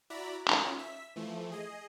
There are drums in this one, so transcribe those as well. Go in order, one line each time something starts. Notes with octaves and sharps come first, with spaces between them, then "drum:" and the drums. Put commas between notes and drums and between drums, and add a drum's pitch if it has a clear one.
E4 F#4 D5 A#5 B5
C#4 D#4 F4, drum: clap
E5 B6
E3 F3 A3
G#4 D#5